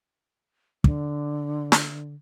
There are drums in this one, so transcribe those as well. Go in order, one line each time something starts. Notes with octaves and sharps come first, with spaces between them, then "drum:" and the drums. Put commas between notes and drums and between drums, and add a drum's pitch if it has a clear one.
D3, drum: kick
drum: snare